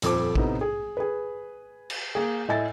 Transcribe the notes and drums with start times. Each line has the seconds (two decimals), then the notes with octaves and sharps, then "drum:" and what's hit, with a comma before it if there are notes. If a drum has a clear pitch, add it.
0.02 D#1 F2 A4 C5 D6, drum: hi-hat
0.35 A2 C3 B3 D#4 E4, drum: kick A1
0.61 G#4
0.97 G#4 B4
1.90 drum: cymbal
2.15 A#3 G#4
2.48 A2 D#5 E5 G#5 A6